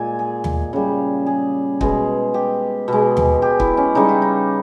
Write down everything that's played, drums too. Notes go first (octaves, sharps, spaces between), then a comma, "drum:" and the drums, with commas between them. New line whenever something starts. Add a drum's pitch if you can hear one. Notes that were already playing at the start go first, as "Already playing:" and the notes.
Already playing: A#2 G#3 G#5
G#4
drum: tom D#2
C#3 G3
G#4
B2 G#3, drum: kick
G4
B2 G#3
drum: tom D#2
G4
E4, drum: kick
C#4
C#3 G3 D#4
E4
D#4